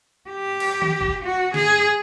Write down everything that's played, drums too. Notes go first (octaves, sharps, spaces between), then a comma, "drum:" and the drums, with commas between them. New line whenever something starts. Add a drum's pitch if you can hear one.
G4
drum: cymbal
drum: tom D#3
drum: kick
F#4
G#4, drum: snare